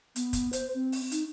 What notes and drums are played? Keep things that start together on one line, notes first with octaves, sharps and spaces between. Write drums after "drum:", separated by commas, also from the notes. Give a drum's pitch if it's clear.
B3, drum: hi-hat
drum: kick, hi-hat
C5, drum: hi-hat
C4
drum: open hi-hat
D#4, drum: hi-hat